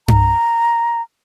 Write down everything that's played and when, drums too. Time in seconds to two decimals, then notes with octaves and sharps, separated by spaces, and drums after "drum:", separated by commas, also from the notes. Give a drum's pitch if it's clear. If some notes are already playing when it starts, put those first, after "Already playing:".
0.08 A#5, drum: tom G2